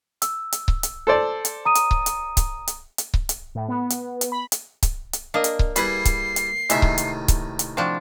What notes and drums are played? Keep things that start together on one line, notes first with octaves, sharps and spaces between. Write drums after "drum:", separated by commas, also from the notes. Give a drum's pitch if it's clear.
E6, drum: hi-hat
drum: hi-hat
drum: kick C#1
drum: hi-hat
A4 C5 D5
drum: hi-hat
A#5 D#6 D#7
drum: hi-hat
drum: kick C#1
drum: hi-hat
drum: kick C#1, hi-hat
drum: hi-hat
drum: hi-hat
drum: kick C#1
drum: hi-hat
A2
B3
drum: hi-hat
drum: hi-hat
B5
drum: hi-hat
drum: kick C#1, hi-hat
drum: hi-hat
A#3 D4 D#5
drum: hi-hat
drum: kick C#1
G3 E4 G#4 B4 B5 C7, drum: hi-hat
drum: kick C#1, hi-hat
drum: hi-hat
A2 C3 D#3 G#3 E5, drum: hi-hat
drum: kick C#1
drum: hi-hat
drum: kick C#1, hi-hat
drum: hi-hat
F3 C4 D4 F#4